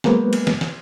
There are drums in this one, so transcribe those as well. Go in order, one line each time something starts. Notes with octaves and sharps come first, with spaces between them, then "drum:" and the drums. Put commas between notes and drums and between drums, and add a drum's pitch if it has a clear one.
F#3 G#3 A#3 B3 B4 C5, drum: snare
drum: cymbal
drum: snare
drum: snare